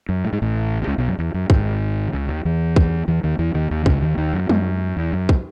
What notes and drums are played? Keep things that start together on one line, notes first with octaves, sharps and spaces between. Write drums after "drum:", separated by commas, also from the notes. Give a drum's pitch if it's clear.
F#2
A2
G#2
A1 A2
B2
C#2 C#3
B1 B2
F#2
E2
F#2
G#1 G#2, drum: kick
D#3
C#2 C#3
D#2 D#3
E2 E3
drum: kick
E2 E3
D#2 D#3
E2 E3
D#2 D#3
D#2 D#3
C#2 C#3, drum: kick
D#2 D#3
D#2 D#3
F#2
F#2, drum: tom G3
E2
F#2
drum: kick